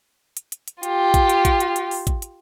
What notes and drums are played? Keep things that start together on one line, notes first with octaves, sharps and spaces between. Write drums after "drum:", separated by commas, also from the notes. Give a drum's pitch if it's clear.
drum: hi-hat
drum: hi-hat
drum: hi-hat
F4 G4, drum: hi-hat
drum: kick, hi-hat
drum: hi-hat
drum: kick, hi-hat
drum: hi-hat
drum: hi-hat
drum: open hi-hat
drum: kick, hi-hat
drum: hi-hat